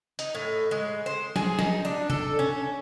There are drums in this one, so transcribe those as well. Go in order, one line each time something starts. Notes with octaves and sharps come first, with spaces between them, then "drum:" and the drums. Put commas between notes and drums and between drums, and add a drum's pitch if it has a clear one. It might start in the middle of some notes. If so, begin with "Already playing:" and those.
D#4, drum: hi-hat
A2
G#3
C5
G#4, drum: snare
D#4, drum: snare
D4
A4, drum: tom
C#4